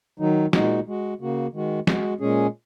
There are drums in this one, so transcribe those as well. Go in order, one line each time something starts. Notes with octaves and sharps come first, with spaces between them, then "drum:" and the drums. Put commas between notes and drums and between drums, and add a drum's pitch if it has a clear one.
D#3 F#3 D#4
A#2 G#3 D#4 F#4, drum: snare
G#3 F#4
C#3 A#3 F#4
D#3 G#3 F#4
G#3 F#4, drum: snare
A#2 G#3 C#4 G#4